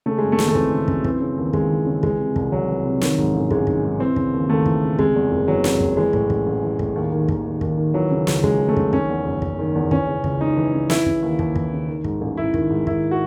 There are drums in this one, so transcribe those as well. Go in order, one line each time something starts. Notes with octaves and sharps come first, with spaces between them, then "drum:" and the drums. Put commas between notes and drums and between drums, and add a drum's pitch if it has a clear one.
C#3 A3
F#2 G#3
A3
G#1, drum: snare
A3
E3 C4, drum: kick
C#3
F#2, drum: kick
E3 C4, drum: kick
C#3
D#2
D#2 G#3, drum: kick
E3
C#3
E3 G#3, drum: kick
C3
C2, drum: kick
C2 F#3
E3
C3
D#3 F#3, drum: snare
G#2, drum: kick
A1
A1 G#3, drum: kick
D#3, drum: kick
G#2
E3 C4
C#3, drum: kick
D#2
D#2 A3
E3, drum: kick
C#3
C3 G#3, drum: kick
E2
F#1
E3 F#3
C3, drum: snare
E2, drum: kick
E3 G#3
A2, drum: kick
A1, drum: kick
A1
E3
A2, drum: kick
D#2
D#3
D#2, drum: kick
D#3
D#2, drum: kick
D#3
E3 F#3
C#3
C#2, drum: snare
C#2 G#3, drum: kick
E3
A3
C#3, drum: kick
D#3 C#4, drum: kick
E2
F#1
F#1, drum: kick
D#3
E2
E3 C#4, drum: kick
C#3
C#2, drum: kick
C#2 D#4
E3
C#3
E3 E4, drum: snare
C#3, drum: kick
D#2
D#2, drum: kick
E3, drum: kick
C#3
D#3
G#2, drum: kick
A1
A1 E4
D#3, drum: kick
G#2
D#3 E4, drum: kick
F#4